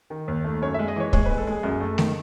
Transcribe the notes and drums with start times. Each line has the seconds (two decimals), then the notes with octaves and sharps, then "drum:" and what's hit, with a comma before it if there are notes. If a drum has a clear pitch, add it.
0.10 D#3
0.28 D#2
0.44 A3
0.62 F#2 C#5
0.74 G#3 E5
0.88 D#5
0.96 E3 C#5
1.13 G#3 C#5, drum: kick
1.26 G#3 B4
1.38 A4
1.47 G#3 G#4
1.63 F#2
1.80 A3
1.98 D#3, drum: snare A3